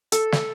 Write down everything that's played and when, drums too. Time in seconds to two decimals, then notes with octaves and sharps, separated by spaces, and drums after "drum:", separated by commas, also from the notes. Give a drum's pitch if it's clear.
0.12 A4, drum: hi-hat
0.32 drum: snare